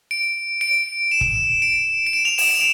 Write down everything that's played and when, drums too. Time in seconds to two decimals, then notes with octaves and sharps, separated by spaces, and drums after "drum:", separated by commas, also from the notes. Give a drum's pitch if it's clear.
0.11 D7
0.61 D7
1.11 E7
1.21 drum: kick
1.62 D7
2.07 D7
2.13 E7
2.25 F7
2.38 E7, drum: open hi-hat
2.51 D7